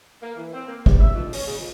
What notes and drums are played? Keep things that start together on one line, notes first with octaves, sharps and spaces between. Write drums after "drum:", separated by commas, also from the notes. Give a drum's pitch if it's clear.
A#3
E3
C4
A#3
G3, drum: kick
E5
F2
C#4, drum: open hi-hat
C#3
F2